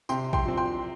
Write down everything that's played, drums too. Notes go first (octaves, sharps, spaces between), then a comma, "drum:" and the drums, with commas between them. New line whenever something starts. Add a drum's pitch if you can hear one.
C3 G5 C6, drum: tambourine
G5 C6, drum: kick A#1
F3 C4
G5 C6